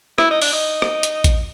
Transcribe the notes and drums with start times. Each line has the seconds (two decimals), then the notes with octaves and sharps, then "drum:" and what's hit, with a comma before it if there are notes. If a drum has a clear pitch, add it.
0.18 E4, drum: rim click
0.31 D#4
0.42 D4, drum: open hi-hat
0.53 D#4
0.82 drum: rim click
1.03 drum: hi-hat
1.24 drum: kick A1, hi-hat